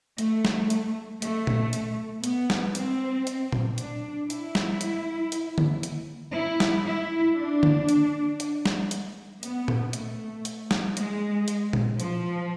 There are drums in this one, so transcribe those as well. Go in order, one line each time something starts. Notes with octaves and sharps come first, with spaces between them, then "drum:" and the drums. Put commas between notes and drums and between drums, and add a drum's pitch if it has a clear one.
A3, drum: hi-hat
drum: snare
drum: hi-hat
A3, drum: hi-hat
drum: tom A#2
drum: hi-hat
B3, drum: hi-hat
drum: snare
C4, drum: hi-hat
drum: hi-hat
drum: tom A#2
D4, drum: hi-hat
E4, drum: hi-hat
drum: snare
drum: hi-hat
drum: hi-hat
drum: tom D3
drum: hi-hat
E4
drum: snare
E4
D4
drum: tom D3
drum: hi-hat
drum: hi-hat
drum: snare
drum: hi-hat
B3, drum: hi-hat
drum: tom A#2
A3, drum: hi-hat
drum: hi-hat
drum: snare
G#3, drum: hi-hat
drum: hi-hat
drum: tom A#2
F3, drum: hi-hat